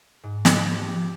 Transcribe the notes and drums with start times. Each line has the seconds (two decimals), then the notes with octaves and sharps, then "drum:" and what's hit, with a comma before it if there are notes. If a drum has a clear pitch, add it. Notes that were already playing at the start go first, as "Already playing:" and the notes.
0.23 G#2
0.45 drum: snare
0.56 F3
0.76 G4
0.94 A6